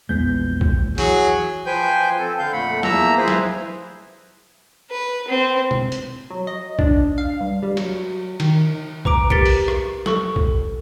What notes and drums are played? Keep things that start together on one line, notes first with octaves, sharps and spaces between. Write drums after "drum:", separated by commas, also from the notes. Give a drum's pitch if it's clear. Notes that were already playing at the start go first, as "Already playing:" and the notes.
A#1 E2 G#3 B3 G6
drum: kick
E3 F#3 G#4, drum: hi-hat
F3 B4 C5 G5 G#5 G6
C4 A4
D3 F5 G6
F2 A#2 A3 F#5 B5
E2 F3 A#3 E5 A#5 E6, drum: snare
E4 G#4 B4 C5
drum: snare
B4
C4
drum: tom
drum: hi-hat
F#3
D#5
D4, drum: kick
F5
G2
G3
F#3, drum: cymbal
D#3, drum: cymbal
B4 A#5 D6 D7, drum: kick
G4 A#4 A6 B6 C#7 D7, drum: kick
drum: open hi-hat
drum: rim click
A4 C#6, drum: snare
drum: kick